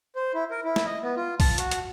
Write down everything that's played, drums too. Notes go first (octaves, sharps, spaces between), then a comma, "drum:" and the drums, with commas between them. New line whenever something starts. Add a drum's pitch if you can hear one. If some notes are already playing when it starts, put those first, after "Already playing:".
C5
E4
A#4
E4
drum: snare
D#5
B3
F4
A5, drum: kick B1, open hi-hat
F#4, drum: hi-hat
drum: hi-hat